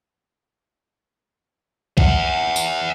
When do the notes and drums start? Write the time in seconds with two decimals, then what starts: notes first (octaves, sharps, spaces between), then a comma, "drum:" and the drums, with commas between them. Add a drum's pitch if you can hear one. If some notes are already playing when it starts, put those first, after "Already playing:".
1.98 E5 F#5, drum: kick
2.56 drum: tambourine